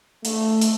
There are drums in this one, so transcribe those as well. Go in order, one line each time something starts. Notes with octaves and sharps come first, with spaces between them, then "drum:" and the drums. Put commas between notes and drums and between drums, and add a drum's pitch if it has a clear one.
A3, drum: hi-hat
drum: hi-hat